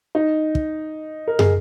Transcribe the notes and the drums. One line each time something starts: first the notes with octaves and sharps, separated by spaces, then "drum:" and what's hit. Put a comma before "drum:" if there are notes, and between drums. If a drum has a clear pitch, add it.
D#4
drum: kick
A#4
G#4, drum: tom